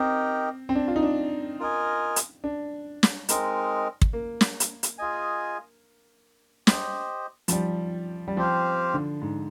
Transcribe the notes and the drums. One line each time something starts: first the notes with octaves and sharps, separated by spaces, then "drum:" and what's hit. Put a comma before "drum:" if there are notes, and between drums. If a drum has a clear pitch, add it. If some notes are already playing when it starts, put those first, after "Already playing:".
Already playing: C4 D#4 G4 A#4 D#5 G5
C4
D4
F4
D#4
D4
F4 A#4 D#5 G#5
drum: hi-hat
D4
drum: snare
G#3 C4 D#4 A#4 D#5, drum: hi-hat
drum: kick
A#3
drum: snare
drum: hi-hat
drum: hi-hat
F4 G#4 D#5 G#5
G4 C5 D#5, drum: snare
F3, drum: hi-hat
G3
G3
F3 C4 G4 C5 F5
D3
G#2